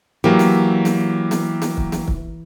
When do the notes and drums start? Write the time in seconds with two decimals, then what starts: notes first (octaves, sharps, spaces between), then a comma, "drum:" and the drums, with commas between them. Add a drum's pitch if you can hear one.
0.24 E3 F#3 A#3 G4
0.39 drum: snare
0.85 drum: snare
1.31 drum: snare
1.62 drum: snare
1.77 drum: kick
1.92 drum: snare
2.08 drum: kick